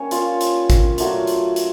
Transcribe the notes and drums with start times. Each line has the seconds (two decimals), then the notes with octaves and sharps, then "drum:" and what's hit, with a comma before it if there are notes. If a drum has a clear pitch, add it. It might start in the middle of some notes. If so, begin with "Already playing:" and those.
Already playing: G3 A#3 C#4 D4 C#5
0.11 F4 F5, drum: hi-hat
0.41 drum: hi-hat
0.70 drum: kick G#1, hi-hat
0.98 F#3 A3 D4 F4, drum: hi-hat
1.27 drum: hi-hat
1.56 drum: hi-hat